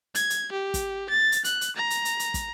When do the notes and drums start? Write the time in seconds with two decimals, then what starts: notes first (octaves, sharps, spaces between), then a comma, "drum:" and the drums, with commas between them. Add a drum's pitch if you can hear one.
0.15 G#6, drum: hi-hat
0.30 drum: hi-hat
0.52 G4
0.74 drum: kick, hi-hat
1.09 A6
1.32 drum: hi-hat
1.44 F#6, drum: hi-hat
1.61 drum: hi-hat
1.76 A#5
1.90 drum: hi-hat
2.05 drum: hi-hat
2.20 drum: hi-hat
2.34 drum: kick, hi-hat